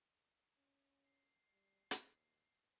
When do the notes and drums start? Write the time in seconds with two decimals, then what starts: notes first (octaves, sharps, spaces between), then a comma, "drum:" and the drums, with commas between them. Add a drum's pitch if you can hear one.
0.57 C#4
1.05 C7
1.51 G3
1.91 D#2, drum: hi-hat